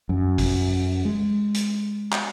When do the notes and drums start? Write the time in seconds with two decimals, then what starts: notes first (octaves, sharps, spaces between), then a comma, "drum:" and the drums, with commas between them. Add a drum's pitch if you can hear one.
0.09 F#2
0.38 drum: kick, open hi-hat
1.05 G#3
1.54 drum: hi-hat
2.12 drum: clap